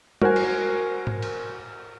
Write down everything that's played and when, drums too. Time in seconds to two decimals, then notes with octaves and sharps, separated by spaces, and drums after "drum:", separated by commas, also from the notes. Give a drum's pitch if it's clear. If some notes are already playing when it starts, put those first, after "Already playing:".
0.22 F#4 A#4 C5 F#5 G#5, drum: tom G3
0.36 drum: cymbal
1.07 drum: tom G#2
1.22 drum: cymbal